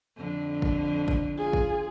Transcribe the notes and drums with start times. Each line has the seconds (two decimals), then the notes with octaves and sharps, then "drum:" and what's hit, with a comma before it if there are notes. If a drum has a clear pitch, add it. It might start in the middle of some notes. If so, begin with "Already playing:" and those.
0.17 F2 D3 D4
0.62 drum: kick
1.08 drum: kick
1.37 F4 G#4
1.53 drum: kick